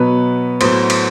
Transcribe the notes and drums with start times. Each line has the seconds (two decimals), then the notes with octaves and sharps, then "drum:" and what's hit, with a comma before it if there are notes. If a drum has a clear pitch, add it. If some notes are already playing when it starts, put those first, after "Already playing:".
Already playing: B2 F#3 B3 B4
0.61 A2 F#3 B3 C5, drum: cymbal
0.90 drum: cymbal